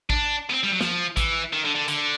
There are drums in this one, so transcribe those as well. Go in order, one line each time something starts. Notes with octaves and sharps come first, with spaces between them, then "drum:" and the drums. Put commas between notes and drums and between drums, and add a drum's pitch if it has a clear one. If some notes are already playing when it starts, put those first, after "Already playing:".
D4, drum: kick
B3
C4
G3
F#3
F3, drum: snare
E3, drum: kick, hi-hat
D#3
D3
D3
D3, drum: hi-hat